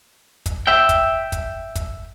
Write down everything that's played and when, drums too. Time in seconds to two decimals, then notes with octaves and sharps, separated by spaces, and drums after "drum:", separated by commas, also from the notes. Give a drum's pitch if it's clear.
0.46 drum: kick, hi-hat
0.67 E5 G5
0.89 drum: kick, hi-hat
1.32 drum: kick, hi-hat
1.75 drum: kick, hi-hat